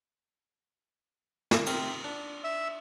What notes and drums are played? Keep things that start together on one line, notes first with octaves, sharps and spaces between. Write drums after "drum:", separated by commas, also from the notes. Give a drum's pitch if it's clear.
drum: snare
C3 C4 A#4, drum: cymbal
D4
E5 E6